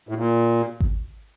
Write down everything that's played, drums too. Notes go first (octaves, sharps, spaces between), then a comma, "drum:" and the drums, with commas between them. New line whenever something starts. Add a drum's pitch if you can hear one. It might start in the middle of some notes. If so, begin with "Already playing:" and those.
A2
A#2
drum: kick G#1